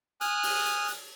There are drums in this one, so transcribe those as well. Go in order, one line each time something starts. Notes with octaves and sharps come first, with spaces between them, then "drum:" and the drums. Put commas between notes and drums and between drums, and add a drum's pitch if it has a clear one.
G#5 D#6 F6 F#6, drum: hi-hat
drum: open hi-hat
drum: hi-hat
drum: hi-hat